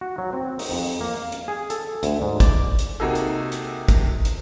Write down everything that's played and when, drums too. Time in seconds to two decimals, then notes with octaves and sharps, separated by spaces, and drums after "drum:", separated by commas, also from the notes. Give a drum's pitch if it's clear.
0.01 F#4
0.18 F#3
0.33 C4
0.59 D#4, drum: open hi-hat
0.71 F2
1.01 A#3
1.17 F5
1.32 drum: hi-hat
1.48 G#4
1.70 A4, drum: hi-hat
2.03 D2, drum: hi-hat
2.22 G#2
2.40 D5, drum: kick, hi-hat
2.79 drum: hi-hat
3.00 C3 A#3 D#4 F#4 G#4 A4
3.15 drum: hi-hat
3.52 drum: hi-hat
3.88 drum: kick, hi-hat
4.25 drum: hi-hat